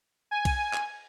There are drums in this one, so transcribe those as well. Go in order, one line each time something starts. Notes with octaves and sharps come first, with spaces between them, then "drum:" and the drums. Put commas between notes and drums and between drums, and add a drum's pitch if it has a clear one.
G#5
drum: kick B1, cymbal
drum: clap